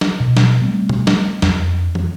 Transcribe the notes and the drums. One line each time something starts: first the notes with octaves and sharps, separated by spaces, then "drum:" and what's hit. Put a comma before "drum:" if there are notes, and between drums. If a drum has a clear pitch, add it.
drum: snare
B2
drum: snare
G3 A3 B3 C4
drum: tom
drum: snare
F2, drum: snare
drum: tom